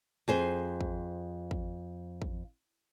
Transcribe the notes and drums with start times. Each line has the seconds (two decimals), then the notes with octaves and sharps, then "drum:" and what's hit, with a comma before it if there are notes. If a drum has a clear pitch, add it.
0.28 F2 G#4 C5
0.81 drum: kick
1.51 drum: kick
2.22 drum: kick